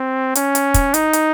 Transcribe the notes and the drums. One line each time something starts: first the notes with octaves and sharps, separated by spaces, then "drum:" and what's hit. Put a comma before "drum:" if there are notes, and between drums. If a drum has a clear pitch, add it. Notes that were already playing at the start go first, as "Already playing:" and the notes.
Already playing: C4
C#4, drum: hi-hat
drum: hi-hat
drum: kick, hi-hat
D#4, drum: hi-hat
drum: hi-hat